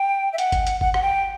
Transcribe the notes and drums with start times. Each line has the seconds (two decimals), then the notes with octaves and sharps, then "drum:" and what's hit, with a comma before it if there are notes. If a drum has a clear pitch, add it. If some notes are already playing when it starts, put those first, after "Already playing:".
Already playing: G5
0.33 E5
0.38 F#5, drum: hi-hat
0.52 drum: kick G1, hi-hat
0.67 drum: hi-hat
0.81 F#5, drum: kick G1
0.94 F#5, drum: rim click
1.02 G5